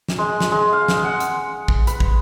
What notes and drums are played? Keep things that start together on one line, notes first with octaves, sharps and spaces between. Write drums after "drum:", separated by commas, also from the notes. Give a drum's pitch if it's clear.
drum: snare
G#3
drum: snare
G#3
F5
drum: snare
F#5
drum: hi-hat
drum: kick
B4, drum: hi-hat
drum: kick